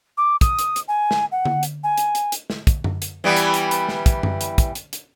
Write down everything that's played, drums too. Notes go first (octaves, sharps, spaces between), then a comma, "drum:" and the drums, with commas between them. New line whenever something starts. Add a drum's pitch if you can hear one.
D6
D#6, drum: kick, hi-hat
drum: hi-hat
drum: hi-hat
G#5
drum: snare
F#5
drum: tom D3
drum: hi-hat
G#5
drum: hi-hat
drum: hi-hat
drum: hi-hat
drum: snare
drum: kick, hi-hat
drum: tom F#2
drum: hi-hat
E3 G3 B3
drum: hi-hat
drum: hi-hat
drum: hi-hat
drum: snare
drum: kick, hi-hat
drum: tom F#2
drum: hi-hat
drum: kick, hi-hat
drum: hi-hat
drum: hi-hat